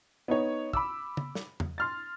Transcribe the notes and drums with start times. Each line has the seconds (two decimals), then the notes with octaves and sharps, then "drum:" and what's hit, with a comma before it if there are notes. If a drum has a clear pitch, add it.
0.28 B3 D#4 C#5
0.73 B5 D6 E6, drum: kick
1.17 drum: tom
1.35 drum: snare
1.60 drum: tom E2
1.78 C6 F6 A6